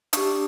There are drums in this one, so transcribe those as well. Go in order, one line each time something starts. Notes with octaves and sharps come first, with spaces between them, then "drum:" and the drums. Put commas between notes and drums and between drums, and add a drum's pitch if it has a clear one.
D4 G4 C#6 D#6, drum: hi-hat